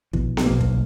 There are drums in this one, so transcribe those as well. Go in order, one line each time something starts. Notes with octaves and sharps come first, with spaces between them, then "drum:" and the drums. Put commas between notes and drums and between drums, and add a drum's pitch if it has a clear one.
A#1 B2 E3, drum: kick
drum: snare B3
B1 A#3
drum: kick